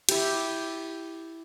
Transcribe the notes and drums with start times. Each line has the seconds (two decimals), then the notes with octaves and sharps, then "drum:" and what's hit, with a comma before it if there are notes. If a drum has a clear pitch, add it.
0.09 E4 G4, drum: cymbal